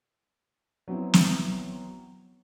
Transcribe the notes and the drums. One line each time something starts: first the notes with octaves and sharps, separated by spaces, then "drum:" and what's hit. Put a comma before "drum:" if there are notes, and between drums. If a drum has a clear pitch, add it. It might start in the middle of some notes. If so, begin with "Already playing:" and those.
F#3 B3 C4 E4
drum: snare